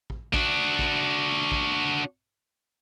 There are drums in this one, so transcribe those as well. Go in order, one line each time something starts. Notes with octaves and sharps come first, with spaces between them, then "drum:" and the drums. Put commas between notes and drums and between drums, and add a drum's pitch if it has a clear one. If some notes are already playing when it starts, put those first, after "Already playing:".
drum: kick A1
D4 F#4, drum: kick A1
drum: kick A1
drum: kick A1